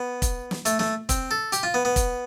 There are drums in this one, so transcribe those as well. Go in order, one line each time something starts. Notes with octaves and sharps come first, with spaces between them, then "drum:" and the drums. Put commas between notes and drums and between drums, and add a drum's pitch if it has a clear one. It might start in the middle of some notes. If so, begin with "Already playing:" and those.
Already playing: B3
drum: kick, hi-hat
drum: snare
A3, drum: hi-hat
A3, drum: snare
C4, drum: kick, hi-hat
A4
G4, drum: hi-hat
F4
B3
B3
drum: kick, hi-hat